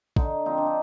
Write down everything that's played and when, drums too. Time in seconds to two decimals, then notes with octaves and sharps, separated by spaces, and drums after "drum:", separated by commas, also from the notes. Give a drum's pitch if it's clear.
0.16 D3 D#4, drum: kick
0.46 F3 C4 D#4
0.58 D4
0.67 D#4